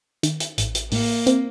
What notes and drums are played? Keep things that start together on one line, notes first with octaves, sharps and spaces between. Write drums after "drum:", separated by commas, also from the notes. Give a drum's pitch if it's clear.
D#3, drum: hi-hat
drum: hi-hat
A1, drum: hi-hat
drum: hi-hat
A2 A#3, drum: open hi-hat
C4, drum: hi-hat